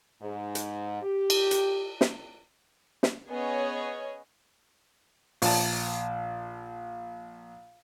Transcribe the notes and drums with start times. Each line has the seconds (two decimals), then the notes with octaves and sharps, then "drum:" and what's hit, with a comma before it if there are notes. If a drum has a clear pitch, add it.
0.21 G#2
0.55 drum: hi-hat
1.02 G4
1.30 drum: cymbal
1.51 drum: hi-hat
2.01 drum: snare
3.03 drum: snare
3.29 B3 C#4 G#4 C#5 D#5
5.42 A#1 A5, drum: open hi-hat